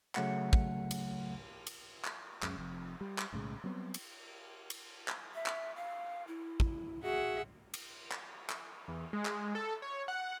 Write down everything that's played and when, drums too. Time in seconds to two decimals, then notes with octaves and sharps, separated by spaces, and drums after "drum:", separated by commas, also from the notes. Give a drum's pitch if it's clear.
0.15 C#3 F#3 A3 F#5 C#7, drum: clap
0.53 drum: kick
0.91 drum: cymbal
1.67 drum: cymbal
2.05 drum: clap
2.42 C#2 F#2 C#3, drum: clap
2.57 F1 F2
3.01 G3
3.18 drum: clap
3.32 B1 A2 C#3 G#3
3.64 F#3 G3 B3 C4
3.94 drum: cymbal
4.70 drum: cymbal
5.08 drum: clap
5.34 E5
5.46 drum: clap
5.76 F5
6.27 E4
6.60 drum: kick
7.03 F#4 G#4 E5 F#5
7.74 drum: cymbal
8.12 drum: clap
8.49 drum: clap
8.88 E2
9.13 G#3
9.25 drum: clap
9.55 A4
9.82 C#5
10.08 F#5